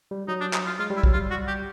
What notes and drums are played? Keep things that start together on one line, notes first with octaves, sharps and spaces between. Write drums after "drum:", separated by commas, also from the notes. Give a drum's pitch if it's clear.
G3
F#3 D#4
D4
D#4, drum: clap
F4
G#3 F4
G3
E4
F#3, drum: kick
G3 F4
F#4
G4